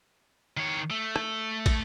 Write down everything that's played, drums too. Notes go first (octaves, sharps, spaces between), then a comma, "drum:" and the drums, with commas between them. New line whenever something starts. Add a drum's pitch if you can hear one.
D#3 C#5
A3
drum: rim click
drum: kick, cymbal